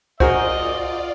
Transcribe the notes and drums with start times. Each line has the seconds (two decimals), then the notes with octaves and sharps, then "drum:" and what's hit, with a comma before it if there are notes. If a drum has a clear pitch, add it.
0.20 F4 F#4 G#4 A#4 C5 D5 D#5, drum: kick C2